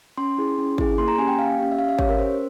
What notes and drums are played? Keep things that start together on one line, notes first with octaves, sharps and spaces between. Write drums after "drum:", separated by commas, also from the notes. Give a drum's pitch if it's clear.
C#4 C6
E4 G#4
C#4
E4 G#4, drum: kick G#1
A#3 C6
A#5
C#4 G4 G#5
G5
A#3 F5
C#4 G4
E5
C#4 F5
E5
G4 C#5, drum: kick G#1
A#4
C#4 C5